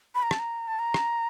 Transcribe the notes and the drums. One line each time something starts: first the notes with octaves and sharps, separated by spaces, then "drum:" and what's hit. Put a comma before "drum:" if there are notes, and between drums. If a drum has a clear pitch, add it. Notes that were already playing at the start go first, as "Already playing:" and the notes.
B5
A#5
A5, drum: rim click
A#5
A5
A#5
drum: rim click